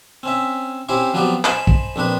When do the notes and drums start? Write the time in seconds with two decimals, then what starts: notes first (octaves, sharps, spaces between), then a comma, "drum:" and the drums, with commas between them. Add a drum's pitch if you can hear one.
0.23 C4 C#4 E5
0.89 C4 C#4 E4 G4 C5
1.14 F3 F#3 B3 C4 G4 D5
1.45 C5 D#5 G#5 A5 B5, drum: clap
1.67 drum: kick
1.96 A#1 C4 D4 B4